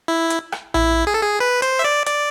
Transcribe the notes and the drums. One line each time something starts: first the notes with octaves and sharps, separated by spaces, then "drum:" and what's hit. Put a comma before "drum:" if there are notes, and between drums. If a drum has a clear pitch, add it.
E4
drum: hi-hat
drum: rim click
E4, drum: tom A#1
G#4
A4
G#4
B4
C5, drum: hi-hat
E5
D5
D5, drum: hi-hat